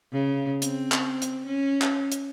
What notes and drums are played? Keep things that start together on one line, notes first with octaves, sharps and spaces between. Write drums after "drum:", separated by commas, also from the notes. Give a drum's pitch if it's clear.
C#3
C4, drum: hi-hat
drum: clap
drum: hi-hat
C#4
drum: clap
drum: hi-hat